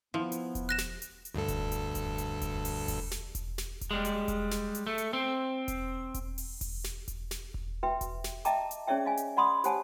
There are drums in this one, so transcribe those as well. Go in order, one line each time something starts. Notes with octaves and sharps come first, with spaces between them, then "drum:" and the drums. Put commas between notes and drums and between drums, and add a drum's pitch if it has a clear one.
F3 B3 E4
drum: hi-hat
drum: kick E1, hi-hat
F#6 A#6 E7
drum: snare
drum: hi-hat
drum: hi-hat
D2 G2 A4
drum: kick E1, hi-hat
drum: hi-hat
drum: kick E1, hi-hat
drum: hi-hat
drum: kick E1, hi-hat
drum: open hi-hat
drum: kick E1, open hi-hat
drum: snare
drum: kick E1, hi-hat
drum: snare
drum: kick E1, hi-hat
G3 G#3
drum: hi-hat
drum: kick E1, hi-hat
drum: snare
drum: hi-hat
A3
drum: hi-hat
C4
drum: kick E1, hi-hat
drum: kick E1, hi-hat
drum: open hi-hat
drum: kick E1, open hi-hat
drum: snare
drum: kick E1, hi-hat
drum: snare
drum: kick E1
F#4 B4 E5 G5
drum: kick E1, hi-hat
drum: snare
D#5 E5 G5 A5 A#5 D6, drum: hi-hat
drum: hi-hat
C#4 G#4 C#5 D5 E5 G5
D#5 F5 G#5
drum: hi-hat
D5 F#5 B5 C6 D#6
G4 C5 C#5 F#5 G#5 A5, drum: hi-hat